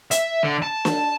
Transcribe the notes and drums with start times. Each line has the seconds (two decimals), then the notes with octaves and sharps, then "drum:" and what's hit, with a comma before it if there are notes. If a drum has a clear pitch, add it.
0.11 E5, drum: hi-hat
0.43 D3
0.62 A5
0.85 drum: snare